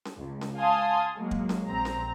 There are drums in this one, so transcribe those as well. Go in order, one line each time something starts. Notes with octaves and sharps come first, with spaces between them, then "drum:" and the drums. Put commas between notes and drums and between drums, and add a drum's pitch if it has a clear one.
drum: snare C#4
C#2
drum: snare C#4
F5 G#5 A5 C6 D#6
F#3 G#3 A#3
drum: kick
drum: snare C#4
A#1 C4 A#5
drum: snare C#4